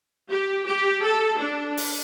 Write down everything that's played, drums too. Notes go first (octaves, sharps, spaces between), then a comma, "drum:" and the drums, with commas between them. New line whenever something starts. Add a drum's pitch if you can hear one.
G4
G4
A4
D4
drum: open hi-hat